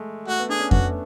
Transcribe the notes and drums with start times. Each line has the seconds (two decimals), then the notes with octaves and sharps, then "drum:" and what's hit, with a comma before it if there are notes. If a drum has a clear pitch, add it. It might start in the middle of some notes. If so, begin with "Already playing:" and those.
Already playing: G#3 A3
0.28 A3 F#4
0.39 B3
0.49 D4 G#4
0.60 C#4
0.71 B3 F#4, drum: kick F2
0.87 A3